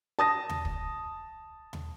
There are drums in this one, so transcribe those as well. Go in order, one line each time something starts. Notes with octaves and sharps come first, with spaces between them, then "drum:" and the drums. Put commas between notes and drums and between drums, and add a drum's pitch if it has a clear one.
A5 D#6 A#6
drum: tom D#2
drum: kick
drum: tom D#2